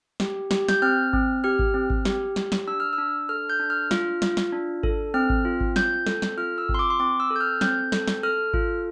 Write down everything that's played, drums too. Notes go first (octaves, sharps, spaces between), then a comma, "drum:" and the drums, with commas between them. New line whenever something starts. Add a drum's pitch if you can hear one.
G4, drum: snare
G4, drum: snare
G6, drum: snare
C4 F6
C4, drum: kick G#1
G4 F6
drum: kick G#1
C4
drum: kick G#1
G4, drum: snare
G4, drum: snare
drum: snare
D4 E6
F6
D4 E6
A4 F6
G6
D4
F6
F4, drum: snare
F4, drum: snare
drum: snare
D4
A4, drum: kick G#1
C4 F6
drum: kick G#1
F4
drum: kick G#1
C4 G6, drum: snare
A4, drum: snare
drum: snare
F4 F6
E6
C4, drum: kick G#1
C6
D6
C6
C4 D6
E6
A4
G6
F6
C4 G6, drum: snare
A4, drum: snare
drum: snare
A4 F6
F4, drum: kick G#1